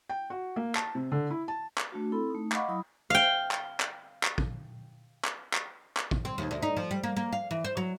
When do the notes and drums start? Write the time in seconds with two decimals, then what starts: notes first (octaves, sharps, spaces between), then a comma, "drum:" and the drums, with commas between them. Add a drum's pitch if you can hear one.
0.09 G5
0.30 F#4
0.56 A#3
0.75 A5, drum: clap
0.95 C3
1.12 D3
1.30 E4
1.48 A5
1.78 drum: clap
1.92 A3 D4 F#4
2.12 C4 E4 A4 B5
2.30 A3 D#4
2.52 D#5 F5 F#5 B5 C#6 D6, drum: clap
2.68 F#3 E4 B5 D#6
3.10 F5 G5
3.51 drum: clap
3.80 drum: clap
4.23 drum: clap
4.38 drum: kick
5.25 drum: clap
5.54 drum: clap
5.97 drum: clap
6.11 drum: kick
6.25 C4
6.38 D#2
6.51 D2
6.62 D#4
6.77 F3
6.91 G3
7.03 A#3
7.16 A#3
7.32 F5
7.51 E3
7.64 C5
7.77 F#3